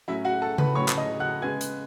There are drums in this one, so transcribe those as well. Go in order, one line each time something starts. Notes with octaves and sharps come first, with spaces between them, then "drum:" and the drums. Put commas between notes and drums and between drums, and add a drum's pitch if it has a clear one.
A2 F#3 C#4 E4 E5
F#4 F#5
A4 A5
B4 B5, drum: tom C#3
A2 F#3 C#4 C#5 C#6
drum: clap
D#5 D#6
F#5 F#6
C#3 G#3 B3 G#5 G#6
drum: hi-hat